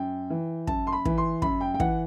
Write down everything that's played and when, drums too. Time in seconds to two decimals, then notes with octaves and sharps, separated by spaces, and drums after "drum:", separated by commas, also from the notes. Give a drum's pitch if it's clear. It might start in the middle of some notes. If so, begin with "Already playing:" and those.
Already playing: F#2 G5
0.30 E3
0.67 F#2 A5, drum: kick
0.87 C6
0.92 B5
1.05 E3, drum: kick
1.18 C6
1.42 F#2 B5, drum: kick
1.61 G5
1.74 G5
1.80 E3 F#5, drum: kick